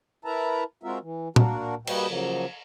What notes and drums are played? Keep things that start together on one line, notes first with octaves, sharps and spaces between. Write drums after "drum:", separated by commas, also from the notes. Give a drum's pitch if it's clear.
E4 A#4 B4 E5 A5 A#5
G#3 C4 F4 F#4 A#4 E5
E3
A#3 D4 F#4 A#4, drum: tom A#2
G3 A#3 F#4 B4 D#5 G5, drum: cymbal
C#3 F3 F#3 A#3